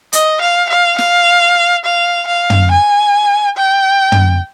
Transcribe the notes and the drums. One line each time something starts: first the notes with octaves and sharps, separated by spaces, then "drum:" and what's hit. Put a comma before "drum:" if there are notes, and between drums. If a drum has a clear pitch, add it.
D#5, drum: hi-hat
F5
F5
F5, drum: snare
F5
F5
drum: tom
G#5
G5
drum: tom